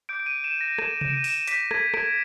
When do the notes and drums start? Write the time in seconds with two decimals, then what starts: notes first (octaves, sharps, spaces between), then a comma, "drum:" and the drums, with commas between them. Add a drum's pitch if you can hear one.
0.09 D6 G6 D7
0.20 D7
0.26 D#7
0.44 E7
0.61 A#6
0.78 E7, drum: rim click
1.01 E7, drum: tom C3
1.10 D7
1.17 D#7
1.24 E7, drum: open hi-hat
1.47 D6 G6 B6, drum: hi-hat
1.71 G#6, drum: rim click
1.94 D7, drum: rim click